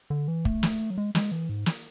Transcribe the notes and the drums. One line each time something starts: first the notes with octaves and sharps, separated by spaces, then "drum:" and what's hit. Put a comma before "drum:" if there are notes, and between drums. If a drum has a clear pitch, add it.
D3
E3
A3, drum: kick
drum: snare
F#3
G#3
G#3, drum: snare
E3
G#2
drum: snare